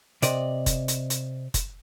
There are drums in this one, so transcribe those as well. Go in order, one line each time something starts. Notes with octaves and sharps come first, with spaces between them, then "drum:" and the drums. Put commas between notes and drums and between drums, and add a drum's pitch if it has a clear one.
C3 D5 D#5, drum: hi-hat
drum: kick F#1, hi-hat
drum: hi-hat
drum: hi-hat
drum: kick F#1, hi-hat